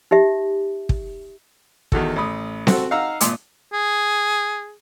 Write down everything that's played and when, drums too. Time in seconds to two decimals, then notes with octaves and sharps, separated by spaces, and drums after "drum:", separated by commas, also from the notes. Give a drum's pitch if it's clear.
0.11 D#4 G4 E5
0.89 drum: kick
1.92 E2 D#3 F#4 A4, drum: kick
2.16 A1 B5 D#6
2.67 C4 F#4 A4, drum: snare C4
2.91 D#4 F5 F#5 A#5 E6
3.20 G#1 A#2 C6 D6, drum: hi-hat
3.73 G#4